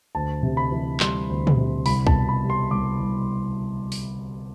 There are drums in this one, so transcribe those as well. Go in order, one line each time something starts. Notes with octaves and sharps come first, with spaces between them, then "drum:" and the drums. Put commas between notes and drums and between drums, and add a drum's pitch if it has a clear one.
D2 A5
C3
B5
E3
G3 C6, drum: clap
D2
drum: tom
C3
C2 B5, drum: open hi-hat
A5, drum: kick B1
B2
B5
G3
C6
C2 D6
C2
drum: open hi-hat